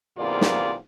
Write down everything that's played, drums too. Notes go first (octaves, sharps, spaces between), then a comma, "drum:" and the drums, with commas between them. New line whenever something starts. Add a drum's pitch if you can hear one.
E2 G#2 C3 A#3 F4 D5
drum: snare